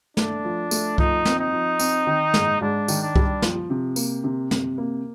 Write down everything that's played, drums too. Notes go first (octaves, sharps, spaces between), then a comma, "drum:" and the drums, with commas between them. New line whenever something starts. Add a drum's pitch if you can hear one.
A3 D4, drum: snare
F3
A3, drum: tambourine
F3 D#4, drum: kick C2
C4, drum: snare
D#4
F3
C4, drum: tambourine
D#3
G#2, drum: snare
G#2 D4
D#3, drum: tambourine
D4
G3, drum: kick C2
F3, drum: snare
C3
A#3, drum: tambourine
C3
C3, drum: snare
A#3